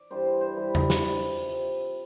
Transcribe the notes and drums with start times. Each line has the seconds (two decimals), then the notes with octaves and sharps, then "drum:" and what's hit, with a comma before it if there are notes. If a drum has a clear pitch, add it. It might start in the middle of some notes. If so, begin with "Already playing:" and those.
Already playing: D5
0.11 G2 E3 G3 C5
0.26 C5
0.41 C5
0.56 G2 E3 G3 B4
0.75 drum: tom E2
0.90 drum: snare
1.02 C3 F3, drum: open hi-hat
1.48 C3 F3